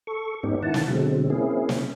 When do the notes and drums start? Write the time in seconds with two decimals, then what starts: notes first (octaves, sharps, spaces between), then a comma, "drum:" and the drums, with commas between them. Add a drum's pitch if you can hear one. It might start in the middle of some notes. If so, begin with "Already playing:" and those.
0.07 A4 C#6
0.43 G#2 B3 C#4 D#4 G4
0.63 D#3 E4 F#5 A5
0.74 drum: snare
0.90 B2 D3 F#3 G#3 C4
1.30 A#3 C4 C#4 E4 G#4
1.69 drum: snare